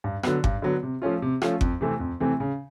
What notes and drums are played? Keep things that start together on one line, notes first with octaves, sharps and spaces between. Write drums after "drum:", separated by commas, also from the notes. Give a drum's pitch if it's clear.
G2
D3 F#3 B3, drum: rim click
G2, drum: kick G1
D3 F#3 B3
C3
F3 A3 C#4 F4
C3
F3 A3 C#4 F4, drum: rim click
F2, drum: kick G1
C3 E3 A3 C4
F2
C3 E3 A3 C4
C#3